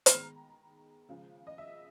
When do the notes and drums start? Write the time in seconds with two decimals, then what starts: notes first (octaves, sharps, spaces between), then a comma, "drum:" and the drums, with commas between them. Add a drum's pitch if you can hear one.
0.06 B5, drum: hi-hat
0.12 D#3 G#3 B3 A#5
1.09 C#3 F3 G#3
1.47 D#5
1.58 E5